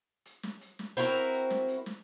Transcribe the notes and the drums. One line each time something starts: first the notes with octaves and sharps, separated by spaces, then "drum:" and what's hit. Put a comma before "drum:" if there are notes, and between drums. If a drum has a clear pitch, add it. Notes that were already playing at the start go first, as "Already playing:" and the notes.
drum: hi-hat
drum: snare
drum: hi-hat
drum: snare
C4 E4 F#4 A#4, drum: hi-hat
drum: hi-hat
drum: hi-hat
drum: snare
drum: hi-hat
drum: snare